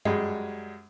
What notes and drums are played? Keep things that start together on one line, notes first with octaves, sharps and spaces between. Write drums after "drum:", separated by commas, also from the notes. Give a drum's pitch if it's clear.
F#2 G3 G#3, drum: tom G2